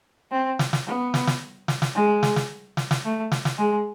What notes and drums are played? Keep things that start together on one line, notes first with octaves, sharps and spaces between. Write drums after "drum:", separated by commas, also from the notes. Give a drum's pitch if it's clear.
C4
drum: snare
drum: snare
B3
drum: snare
drum: snare
drum: snare
drum: snare
G#3
drum: snare
drum: snare
drum: snare
drum: snare
A3
drum: snare
drum: snare
G#3